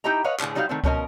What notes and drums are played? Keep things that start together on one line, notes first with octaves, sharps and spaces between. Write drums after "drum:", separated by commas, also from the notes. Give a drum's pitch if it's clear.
D#4 E4 G4 D#5 G5 A#5
B4 C#5 D#5 F5 F#5
A2 D3 G#4, drum: clap
F#3 G3 D#4 F#4 B4 F5
D#3 A3 C4
B2 F3 C#4 A#4 C5 D#5, drum: kick C#2